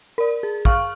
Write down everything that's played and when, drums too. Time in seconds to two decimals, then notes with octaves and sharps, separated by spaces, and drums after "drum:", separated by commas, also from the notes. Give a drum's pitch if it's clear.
0.18 A#4 D5
0.43 G#4
0.65 F5 C#6 F6, drum: kick